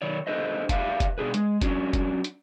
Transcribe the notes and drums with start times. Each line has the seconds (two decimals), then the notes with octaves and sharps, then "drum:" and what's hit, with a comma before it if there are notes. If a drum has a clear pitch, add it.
0.02 D#3 C#5 D5
0.27 D4 A4 B4 C5 D#5
0.69 G4 B4 D5 E5 F5 A5, drum: kick F1, hi-hat
1.00 drum: kick F1, hi-hat
1.18 B2 D4 G#4 B4
1.34 G#3, drum: hi-hat
1.61 F#3 C#4 D4, drum: kick F1, hi-hat
1.93 drum: kick F1, hi-hat
2.24 drum: hi-hat